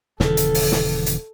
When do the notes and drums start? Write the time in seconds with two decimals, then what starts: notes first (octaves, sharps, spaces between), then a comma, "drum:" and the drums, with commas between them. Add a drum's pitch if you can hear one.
0.20 D#1 C#3 E3 A4, drum: snare
0.37 drum: hi-hat
0.54 drum: open hi-hat
0.72 drum: snare
1.06 drum: hi-hat